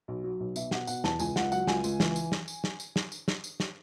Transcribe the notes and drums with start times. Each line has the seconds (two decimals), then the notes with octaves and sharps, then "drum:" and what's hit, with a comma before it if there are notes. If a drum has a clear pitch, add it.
0.08 B1
0.24 F#3
0.40 B1
0.56 B2 E5, drum: tambourine
0.71 B2 F#5, drum: snare
0.87 B2 F#5, drum: tambourine
1.04 E2 A5, drum: snare
1.19 C#2 G#5, drum: tambourine
1.36 C#2 F#5, drum: snare
1.52 F#3 F#5, drum: tambourine
1.67 C#2 G#5, drum: snare
1.84 C#2, drum: tambourine
2.00 E3, drum: snare
2.16 drum: tambourine
2.32 drum: snare
2.48 drum: tambourine
2.64 drum: snare
2.80 drum: tambourine
2.96 drum: snare
3.12 drum: tambourine
3.28 drum: snare
3.44 drum: tambourine
3.60 drum: snare